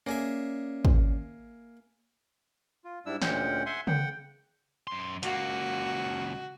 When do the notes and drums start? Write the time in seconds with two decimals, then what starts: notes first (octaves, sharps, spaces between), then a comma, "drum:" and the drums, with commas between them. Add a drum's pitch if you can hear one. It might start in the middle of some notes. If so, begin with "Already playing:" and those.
0.06 A#3 C#4 G#4 D5 E5
0.85 drum: kick
2.84 F4
3.06 G#2 G3 D4 E4 E6
3.22 D2 A#2 G#3 C#4 F#5 G5, drum: snare
3.66 E5 F#5 G#5 C6
3.87 F#5 G5, drum: tom C#3
4.87 F#2 C6
5.23 C#2 A#3 F#4, drum: hi-hat